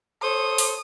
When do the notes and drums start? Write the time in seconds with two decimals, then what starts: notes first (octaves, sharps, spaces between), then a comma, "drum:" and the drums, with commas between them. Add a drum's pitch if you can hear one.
0.22 A4 C5 C#5 D#6
0.58 drum: open hi-hat